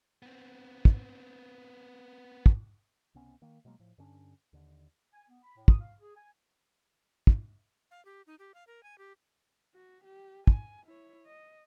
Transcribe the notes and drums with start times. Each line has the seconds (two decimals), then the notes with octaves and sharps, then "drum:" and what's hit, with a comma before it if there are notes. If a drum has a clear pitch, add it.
0.23 B3 C4
0.85 drum: kick
2.46 drum: kick
3.15 C#2 C3 B3 C#4
3.42 D#3 A#3
3.65 B2 F#3 G#3 A#3
3.79 A2 F3
3.98 G2 D3 C#4 D4
4.53 D#2 D3
5.13 G#5
5.29 B3
5.43 B5
5.55 A2
5.68 D#6, drum: kick
5.80 F5
6.00 G#4
6.15 G#5
7.27 drum: kick
7.91 F5
8.05 G4
8.27 D#4
8.39 G4
8.54 F5
8.67 A#4
8.83 G#5
8.98 G4
9.75 F#4
10.04 G4
10.47 G#5, drum: kick
10.86 E4 C#5
11.26 D#5